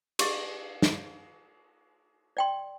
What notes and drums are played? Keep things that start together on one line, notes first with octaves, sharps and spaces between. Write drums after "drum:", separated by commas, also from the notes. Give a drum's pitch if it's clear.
G4 G#4 D#5, drum: cymbal
drum: snare
D5 G5 C6